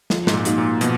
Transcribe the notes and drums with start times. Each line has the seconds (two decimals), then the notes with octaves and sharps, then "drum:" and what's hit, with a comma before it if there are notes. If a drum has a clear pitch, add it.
0.10 F3, drum: snare
0.27 G#2, drum: snare
0.34 A#2
0.45 A#3 D#4 F#4, drum: hi-hat
0.58 A#2
0.81 B2 F3, drum: hi-hat